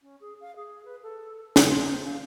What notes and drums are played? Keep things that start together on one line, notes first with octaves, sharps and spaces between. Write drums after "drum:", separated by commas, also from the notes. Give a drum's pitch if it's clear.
C#4
G#4
F5
G#4
B4
A4
G#4, drum: snare
C6
C5
F5